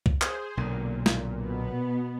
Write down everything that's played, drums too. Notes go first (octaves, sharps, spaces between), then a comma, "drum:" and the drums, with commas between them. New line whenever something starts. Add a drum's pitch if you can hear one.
drum: kick C2
G#4 C5, drum: clap
B1 A#2 D3
drum: snare
B2 B3